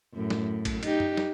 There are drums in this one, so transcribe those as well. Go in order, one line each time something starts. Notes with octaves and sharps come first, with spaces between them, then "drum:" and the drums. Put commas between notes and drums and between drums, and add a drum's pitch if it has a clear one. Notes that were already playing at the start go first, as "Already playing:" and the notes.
F#2 A2
drum: snare
drum: kick, cymbal
D#4 G4, drum: cymbal
drum: tom F#2
drum: snare